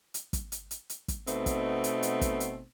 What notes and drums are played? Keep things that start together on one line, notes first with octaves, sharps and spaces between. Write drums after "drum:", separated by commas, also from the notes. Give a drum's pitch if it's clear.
drum: hi-hat
drum: kick, hi-hat
drum: hi-hat
drum: hi-hat
drum: hi-hat
drum: kick, hi-hat
B2 A3 B3 C4 D#4, drum: hi-hat
drum: kick, hi-hat
drum: hi-hat
drum: hi-hat
drum: kick, hi-hat
drum: hi-hat